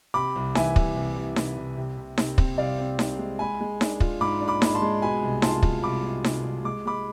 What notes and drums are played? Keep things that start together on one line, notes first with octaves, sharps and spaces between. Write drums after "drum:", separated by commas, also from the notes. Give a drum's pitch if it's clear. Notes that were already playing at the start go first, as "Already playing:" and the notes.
C3 B5 D6
C2
E3 E5 G#5, drum: snare D#4
C2, drum: kick
C2
C2
C2, drum: snare D#4
C2
C3
C3
C3, drum: snare D#4
C4, drum: kick
C2 D5 F5
C4
C2, drum: snare D#4
G#3
G#3 G#5 B5
G#3
D4, drum: snare D#4
F4, drum: kick
G#2 B5 D6
D4
B5 D6
G#3 B5, drum: snare D#4
A5 C6
G#3
B2 G#5 B5
C2
F4 A5 C6, drum: snare D#4
F4, drum: kick
C2 B5 D6
B2
C2, drum: snare D#4
C2
G#3 D6
G#3 B5 D6